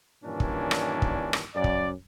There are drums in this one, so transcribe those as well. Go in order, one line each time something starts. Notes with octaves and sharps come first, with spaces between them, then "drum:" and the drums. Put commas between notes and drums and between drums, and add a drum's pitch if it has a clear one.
G2 A#2 D#3 E3 C#4 D4
drum: kick
drum: rim click
drum: kick
drum: rim click
F#2 D5
drum: kick